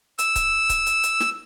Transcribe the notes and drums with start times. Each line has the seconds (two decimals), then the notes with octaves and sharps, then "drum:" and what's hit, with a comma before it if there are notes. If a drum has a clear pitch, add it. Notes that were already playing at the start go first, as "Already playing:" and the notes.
0.19 E6, drum: hi-hat
0.36 drum: kick C#1, hi-hat
0.69 drum: kick C#1, hi-hat
0.86 drum: hi-hat
1.03 drum: hi-hat
1.20 drum: snare